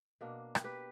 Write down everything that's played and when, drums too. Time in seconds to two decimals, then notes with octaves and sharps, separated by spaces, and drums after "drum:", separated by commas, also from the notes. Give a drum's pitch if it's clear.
0.21 B2 A#3 D4
0.55 drum: rim click
0.64 G4 B4